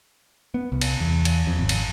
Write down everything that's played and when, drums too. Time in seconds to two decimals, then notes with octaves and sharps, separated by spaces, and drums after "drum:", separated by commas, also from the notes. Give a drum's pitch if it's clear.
0.54 B3
0.72 C2
0.81 drum: cymbal
1.00 E2
1.25 drum: cymbal
1.47 F2
1.59 G#1
1.69 drum: cymbal